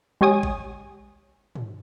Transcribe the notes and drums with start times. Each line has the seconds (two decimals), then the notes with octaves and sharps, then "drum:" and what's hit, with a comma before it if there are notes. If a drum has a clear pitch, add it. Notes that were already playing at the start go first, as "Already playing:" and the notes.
0.21 G#3 G4 C#5 G#5 D#6
0.43 drum: kick G#1
1.55 drum: tom